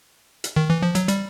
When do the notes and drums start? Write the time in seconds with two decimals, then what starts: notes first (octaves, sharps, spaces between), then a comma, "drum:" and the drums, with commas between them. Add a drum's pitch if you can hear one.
0.44 drum: hi-hat
0.56 D#3
0.70 E3
0.82 F3
0.95 F#3, drum: hi-hat
1.08 G3, drum: hi-hat